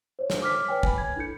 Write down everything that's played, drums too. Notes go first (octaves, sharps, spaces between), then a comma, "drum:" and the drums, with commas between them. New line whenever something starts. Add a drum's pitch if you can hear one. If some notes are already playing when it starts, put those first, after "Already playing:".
C5 C#5
drum: snare
D6 F6 B6
B4 C#5 G5 G#5
G#5 B5, drum: kick
G#6
D4 E4 A4 G6 C#7